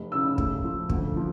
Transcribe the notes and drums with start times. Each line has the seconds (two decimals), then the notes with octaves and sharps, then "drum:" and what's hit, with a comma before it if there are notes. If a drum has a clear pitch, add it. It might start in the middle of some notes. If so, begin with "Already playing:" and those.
Already playing: F1
0.11 C#3 E6
0.38 A3, drum: kick
0.64 F3
0.89 D2, drum: kick
1.16 F3